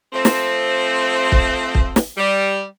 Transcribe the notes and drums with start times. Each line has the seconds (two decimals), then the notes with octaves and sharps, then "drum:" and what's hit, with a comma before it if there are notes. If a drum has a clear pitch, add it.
0.13 F3 A3 C4
0.25 drum: snare
1.32 drum: kick
1.75 drum: kick
1.96 drum: snare
2.17 G3